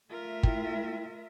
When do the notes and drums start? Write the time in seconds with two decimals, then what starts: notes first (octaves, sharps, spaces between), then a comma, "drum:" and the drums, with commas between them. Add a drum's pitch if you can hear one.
0.10 A3 F4 A#4 E5
0.43 E4 G5, drum: kick